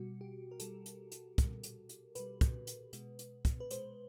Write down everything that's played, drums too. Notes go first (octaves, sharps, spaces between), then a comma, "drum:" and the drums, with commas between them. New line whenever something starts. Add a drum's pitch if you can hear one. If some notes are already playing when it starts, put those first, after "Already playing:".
Already playing: B2 G3 F#4
G4
A#4
B2 G3 A4, drum: hi-hat
drum: hi-hat
drum: hi-hat
B2 G3, drum: kick, hi-hat
drum: hi-hat
drum: hi-hat
B2 G3 B4, drum: hi-hat
drum: kick, hi-hat
drum: hi-hat
B2 G#3, drum: hi-hat
drum: hi-hat
drum: kick, hi-hat
B4
B2 G#3 C5, drum: hi-hat